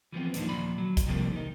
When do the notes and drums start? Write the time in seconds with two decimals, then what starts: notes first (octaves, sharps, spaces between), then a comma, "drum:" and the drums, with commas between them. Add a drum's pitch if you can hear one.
0.12 E3 F3 B3 C4
0.34 D#2 A#2 F3 D4 D#4, drum: hi-hat
0.49 D#2 A#2 F3 D5 B5
0.78 F#3
0.97 drum: kick, hi-hat
1.07 C3 F3 G3 A#3 C4
1.32 D#3 D#4